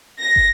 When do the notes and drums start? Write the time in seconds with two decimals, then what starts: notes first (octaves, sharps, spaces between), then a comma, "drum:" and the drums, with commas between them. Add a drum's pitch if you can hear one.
0.20 A#6
0.36 drum: kick